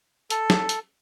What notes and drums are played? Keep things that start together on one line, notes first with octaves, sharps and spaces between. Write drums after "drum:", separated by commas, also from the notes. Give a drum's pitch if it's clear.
A4, drum: hi-hat
drum: snare
drum: hi-hat